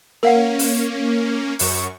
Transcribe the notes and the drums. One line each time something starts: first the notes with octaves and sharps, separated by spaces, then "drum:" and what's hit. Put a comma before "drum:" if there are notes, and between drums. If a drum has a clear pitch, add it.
A#3 C#4 A#4 F5 F#5
drum: open hi-hat
F#2 C#6, drum: open hi-hat